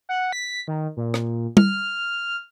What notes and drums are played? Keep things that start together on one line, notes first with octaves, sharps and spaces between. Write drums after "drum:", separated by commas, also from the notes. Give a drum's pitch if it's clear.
F#5
B6
D#3
A#2
drum: rim click
F6, drum: tom